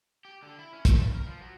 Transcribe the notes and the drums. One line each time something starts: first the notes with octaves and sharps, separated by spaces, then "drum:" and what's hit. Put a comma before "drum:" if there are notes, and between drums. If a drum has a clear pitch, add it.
G4
D3
E4
C#4
A3, drum: kick, hi-hat
G2
A#4
F3
F#3